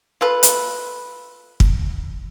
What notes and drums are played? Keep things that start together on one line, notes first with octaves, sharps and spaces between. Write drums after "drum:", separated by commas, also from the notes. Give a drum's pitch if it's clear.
F4 A4 B4
drum: hi-hat
drum: kick